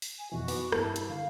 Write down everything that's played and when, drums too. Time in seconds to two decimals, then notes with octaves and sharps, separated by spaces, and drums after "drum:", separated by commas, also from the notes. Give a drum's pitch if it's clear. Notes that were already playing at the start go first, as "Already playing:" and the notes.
0.02 drum: open hi-hat
0.19 G#5
0.32 F2 B2 E3 F#4
0.48 B3 D#4 D6, drum: open hi-hat
0.72 G2 E4 A5, drum: rim click
0.96 drum: hi-hat
1.09 D3 F5